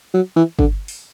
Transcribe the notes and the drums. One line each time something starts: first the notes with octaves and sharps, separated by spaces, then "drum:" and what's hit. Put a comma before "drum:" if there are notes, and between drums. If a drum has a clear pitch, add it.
F#3
E3
D3, drum: kick
drum: open hi-hat